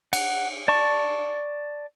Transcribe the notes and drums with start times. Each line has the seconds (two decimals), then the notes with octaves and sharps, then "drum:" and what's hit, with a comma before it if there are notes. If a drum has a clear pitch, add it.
0.13 F#5, drum: cymbal
0.68 D5 A5 C#6